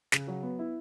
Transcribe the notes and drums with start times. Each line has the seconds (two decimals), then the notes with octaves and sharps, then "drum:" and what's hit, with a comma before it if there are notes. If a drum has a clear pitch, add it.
0.12 C#3, drum: snare
0.27 F#3
0.43 B3
0.59 E4